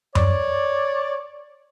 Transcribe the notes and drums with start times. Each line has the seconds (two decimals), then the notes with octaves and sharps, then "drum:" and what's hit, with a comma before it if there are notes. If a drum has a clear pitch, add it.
0.15 C#5 D5, drum: tom F#2